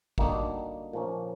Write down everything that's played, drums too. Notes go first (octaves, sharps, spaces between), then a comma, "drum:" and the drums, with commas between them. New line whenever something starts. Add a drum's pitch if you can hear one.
D3 G3 A#3 D#4 F#4, drum: kick
A#2 F3 A#3 C#4